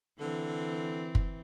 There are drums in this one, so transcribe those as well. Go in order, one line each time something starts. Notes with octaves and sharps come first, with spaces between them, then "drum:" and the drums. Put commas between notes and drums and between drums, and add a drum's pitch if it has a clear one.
D3 E3 C4
drum: kick